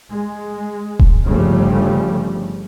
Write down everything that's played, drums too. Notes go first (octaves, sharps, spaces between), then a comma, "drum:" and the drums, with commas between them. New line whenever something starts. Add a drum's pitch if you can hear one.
G#3
drum: kick D#1
G1 C#3 F3 G3 A3